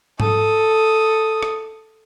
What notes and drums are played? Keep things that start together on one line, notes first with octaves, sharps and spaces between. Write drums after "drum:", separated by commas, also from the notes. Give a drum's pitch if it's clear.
A4 D#6, drum: tom G#2
drum: rim click